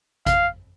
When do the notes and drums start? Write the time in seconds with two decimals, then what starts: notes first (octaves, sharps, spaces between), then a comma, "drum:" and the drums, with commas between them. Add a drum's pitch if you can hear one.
0.26 F5, drum: kick G#1, hi-hat